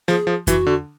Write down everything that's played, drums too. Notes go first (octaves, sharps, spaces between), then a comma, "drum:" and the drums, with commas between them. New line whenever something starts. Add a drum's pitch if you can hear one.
F3 G#4, drum: snare
F3
E3 F#4, drum: kick F2, hi-hat
D3